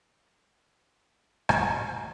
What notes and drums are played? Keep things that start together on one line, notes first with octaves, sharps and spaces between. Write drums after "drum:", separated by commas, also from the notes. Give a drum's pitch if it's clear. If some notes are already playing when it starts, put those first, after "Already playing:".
F#1 D2
drum: rim click